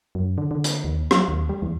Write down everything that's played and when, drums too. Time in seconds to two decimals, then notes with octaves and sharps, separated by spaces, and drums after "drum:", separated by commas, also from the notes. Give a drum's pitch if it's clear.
0.15 F#2
0.38 D3
0.51 D3
0.64 drum: hi-hat
0.84 D#2
1.11 F#3, drum: rim click
1.28 D#2
1.49 G3
1.62 E2